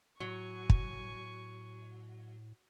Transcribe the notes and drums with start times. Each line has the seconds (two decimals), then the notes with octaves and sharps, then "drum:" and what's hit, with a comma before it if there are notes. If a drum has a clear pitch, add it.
0.20 A2 F#3 G#5 C#6
0.70 drum: kick